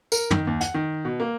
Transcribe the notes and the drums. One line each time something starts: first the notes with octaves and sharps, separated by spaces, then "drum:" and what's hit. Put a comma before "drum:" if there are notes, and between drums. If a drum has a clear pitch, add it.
A#4, drum: tambourine
D#3, drum: tom
D#2
F#5, drum: hi-hat
D#3
B2
A#3